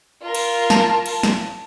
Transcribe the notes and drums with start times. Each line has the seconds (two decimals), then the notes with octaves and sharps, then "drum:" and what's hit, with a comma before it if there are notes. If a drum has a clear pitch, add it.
0.22 F4 A#4
0.35 drum: cymbal
0.70 A5, drum: snare
1.06 drum: cymbal
1.23 drum: snare